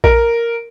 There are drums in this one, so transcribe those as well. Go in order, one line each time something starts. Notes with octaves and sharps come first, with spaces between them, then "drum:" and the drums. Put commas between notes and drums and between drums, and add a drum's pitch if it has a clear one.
A#4, drum: kick A#1